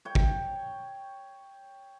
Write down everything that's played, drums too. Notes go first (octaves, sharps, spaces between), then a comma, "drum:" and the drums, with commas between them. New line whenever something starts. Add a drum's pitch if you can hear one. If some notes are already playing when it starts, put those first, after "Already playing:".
C#5 G5
drum: kick